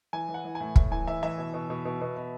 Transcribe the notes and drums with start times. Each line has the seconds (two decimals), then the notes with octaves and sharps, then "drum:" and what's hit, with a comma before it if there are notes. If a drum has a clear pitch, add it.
0.13 E3 G#5
0.29 E3
0.34 F#5
0.45 E3
0.55 G#5
0.60 A2
0.76 A2, drum: kick
0.91 E3 G#5
1.07 E3 E5
1.23 E3 E5
1.38 B2
1.54 B2
1.70 B2
1.85 B2
2.01 B2
2.17 B2